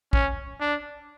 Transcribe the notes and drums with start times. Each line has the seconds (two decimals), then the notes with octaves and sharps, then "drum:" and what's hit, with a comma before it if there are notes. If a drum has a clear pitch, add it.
0.13 C#4, drum: kick
0.61 D4